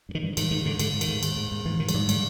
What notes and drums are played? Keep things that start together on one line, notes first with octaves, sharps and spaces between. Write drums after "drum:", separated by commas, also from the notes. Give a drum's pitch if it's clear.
G2
D#3
G2
G#2 D#3, drum: cymbal
G#2 D#3
G#2 D3
G#2 D3, drum: cymbal
G#2
D#3, drum: cymbal
G#2
G#2, drum: cymbal
G#2
G#2
G#2 E3
G#2 D#3
F#3, drum: cymbal
G#2 G3
D3 G3, drum: cymbal